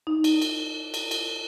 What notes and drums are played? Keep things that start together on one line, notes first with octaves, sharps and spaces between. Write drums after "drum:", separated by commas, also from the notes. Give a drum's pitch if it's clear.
D#4
drum: cymbal
drum: cymbal
drum: cymbal
drum: cymbal